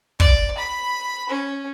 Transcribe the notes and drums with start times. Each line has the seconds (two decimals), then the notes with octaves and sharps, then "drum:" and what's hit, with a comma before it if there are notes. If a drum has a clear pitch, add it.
0.20 D5, drum: kick
0.57 B5
1.29 C#4